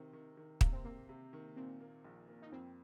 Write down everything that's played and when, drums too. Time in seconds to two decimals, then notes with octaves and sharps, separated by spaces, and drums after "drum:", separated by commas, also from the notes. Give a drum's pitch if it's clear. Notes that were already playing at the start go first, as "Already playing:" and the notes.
Already playing: C3 D#3 C4
0.13 D#3
0.37 D#3
0.61 C3 A#3, drum: kick
0.73 C4
0.85 A#3 C4
1.09 C3
1.33 D#3
1.56 A#2 C4
1.80 A#3
2.04 A#1
2.28 A#3
2.42 D#4
2.52 F2 C4